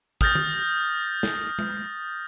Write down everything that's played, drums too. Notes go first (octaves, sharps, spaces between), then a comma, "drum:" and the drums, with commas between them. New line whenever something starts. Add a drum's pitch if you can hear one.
D#6 F6 G6 A6 A#6, drum: kick
drum: tom D#3
drum: snare
drum: tom G#3